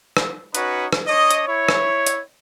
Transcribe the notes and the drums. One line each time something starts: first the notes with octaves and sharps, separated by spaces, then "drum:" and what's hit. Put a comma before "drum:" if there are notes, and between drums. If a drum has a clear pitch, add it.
drum: rim click
C#4 D#4 F#4 B4 C#5, drum: hi-hat
drum: rim click
D4 C#5 D#5
drum: hi-hat
E4 C#5
drum: rim click
drum: hi-hat